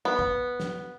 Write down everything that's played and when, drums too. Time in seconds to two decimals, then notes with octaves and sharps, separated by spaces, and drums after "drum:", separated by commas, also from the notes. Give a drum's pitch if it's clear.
0.05 B3
0.19 drum: kick
0.60 drum: snare